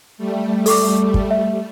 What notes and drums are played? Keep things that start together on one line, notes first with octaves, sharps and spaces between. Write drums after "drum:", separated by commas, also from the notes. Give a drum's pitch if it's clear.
G3 A3
A4 C#6 D6, drum: open hi-hat
drum: kick
E5